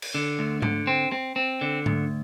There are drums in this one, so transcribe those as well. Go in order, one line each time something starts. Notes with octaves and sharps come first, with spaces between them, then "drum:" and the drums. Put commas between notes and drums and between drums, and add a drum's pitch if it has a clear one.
drum: cymbal
D3
D2
D3, drum: tom G#2
C4
C4
C4
D3
D2, drum: tom G#2